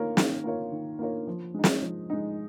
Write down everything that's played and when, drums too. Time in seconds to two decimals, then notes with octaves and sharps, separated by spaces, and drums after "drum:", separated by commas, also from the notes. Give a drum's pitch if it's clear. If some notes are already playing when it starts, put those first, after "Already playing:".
Already playing: D#3 A#3 F4 A#4 C#5
0.17 D#3, drum: snare
0.44 A#3 F4 A#4 C#5
0.72 D#3
0.99 A#3 F4 A#4 C#5
1.27 F3
1.54 G#3 D#4
1.64 drum: snare
1.82 F3
2.10 G#3 D#4